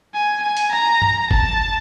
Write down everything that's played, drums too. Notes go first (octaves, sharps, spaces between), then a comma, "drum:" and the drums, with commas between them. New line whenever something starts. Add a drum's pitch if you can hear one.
G#5
G#5
drum: hi-hat
A#5
drum: tom
A5, drum: kick F#1